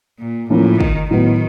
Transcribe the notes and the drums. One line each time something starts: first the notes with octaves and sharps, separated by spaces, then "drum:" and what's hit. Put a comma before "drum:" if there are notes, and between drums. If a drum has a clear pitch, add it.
A#2
A2 F3 A#3 C#4 E4
D#3, drum: kick
A2 D#3 F#3 B3